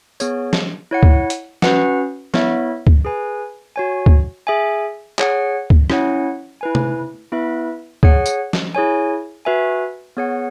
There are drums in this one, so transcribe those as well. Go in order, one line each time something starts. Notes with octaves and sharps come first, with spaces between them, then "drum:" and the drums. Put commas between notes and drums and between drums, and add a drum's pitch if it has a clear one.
B3 G#4 C#5, drum: tambourine
drum: snare
E4 C#5 F#5
drum: kick
drum: hi-hat
C#4 F#4 B4 F#5, drum: snare
B3 E4 C#5 E5, drum: snare
drum: kick
G#4 B4 G#5
F#4 C#5 G#5
drum: kick
G#4 E5 G#5
G#4 C#5 F#5, drum: clap
drum: kick
C#4 E4 C#5 F#5, drum: rim click
E4 B4 G#5
drum: tom C3
B3 E4 B4 E5
G#4 C#5 F#5, drum: kick
drum: tambourine
drum: snare
E4 G#4 C#5 G#5
F#4 B4 E5 G#5
B3 G#4 C#5 F#5